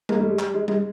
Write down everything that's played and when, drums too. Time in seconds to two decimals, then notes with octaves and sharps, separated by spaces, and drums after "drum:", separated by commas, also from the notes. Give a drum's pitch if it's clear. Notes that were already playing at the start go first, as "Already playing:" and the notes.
0.09 G#3 A#3, drum: tom G3
0.19 G3 A3
0.29 G#3
0.39 G3, drum: clap
0.54 G#3
0.68 G#3, drum: tom G3